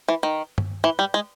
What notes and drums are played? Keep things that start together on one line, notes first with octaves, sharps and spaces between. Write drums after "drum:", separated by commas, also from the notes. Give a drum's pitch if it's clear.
E3
D#3
drum: tom G2
E3
G3
G#3